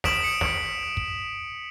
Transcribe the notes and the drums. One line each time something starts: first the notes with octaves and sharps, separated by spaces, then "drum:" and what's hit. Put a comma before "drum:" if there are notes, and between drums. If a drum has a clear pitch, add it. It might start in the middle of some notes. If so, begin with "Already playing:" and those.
D#6 B6 D7 E7 F#7, drum: snare
C#7
drum: snare
drum: kick